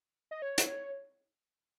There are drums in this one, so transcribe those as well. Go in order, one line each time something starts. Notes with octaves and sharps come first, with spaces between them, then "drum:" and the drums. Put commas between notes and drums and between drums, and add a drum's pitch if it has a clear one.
D#5
C#5
drum: hi-hat